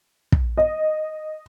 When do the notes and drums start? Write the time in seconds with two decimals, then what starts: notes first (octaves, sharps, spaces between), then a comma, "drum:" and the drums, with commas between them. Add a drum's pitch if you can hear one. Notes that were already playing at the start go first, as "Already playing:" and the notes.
0.32 drum: kick
0.58 D#5